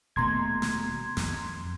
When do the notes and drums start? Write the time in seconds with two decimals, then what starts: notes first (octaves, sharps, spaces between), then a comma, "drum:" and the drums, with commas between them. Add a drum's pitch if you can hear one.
0.16 D#1 B2 A3 A#5 C6 G#6
0.62 drum: snare
1.17 F2, drum: snare